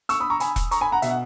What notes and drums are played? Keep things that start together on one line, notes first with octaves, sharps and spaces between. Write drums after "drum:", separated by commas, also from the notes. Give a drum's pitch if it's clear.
C#6 E6, drum: hi-hat
B5 D#6
A#5 C#6
G#5 B5, drum: hi-hat
drum: kick E1, hi-hat
A#5 C#6, drum: hi-hat
G#5 B5
F#5 A#5
B2 E5, drum: hi-hat
F#5